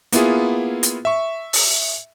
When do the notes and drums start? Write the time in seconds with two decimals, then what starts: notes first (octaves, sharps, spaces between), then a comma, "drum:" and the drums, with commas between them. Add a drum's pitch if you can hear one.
0.12 A#3 B3 E4 F4 G#4, drum: hi-hat
0.83 drum: hi-hat
1.05 E5 C#6
1.53 drum: open hi-hat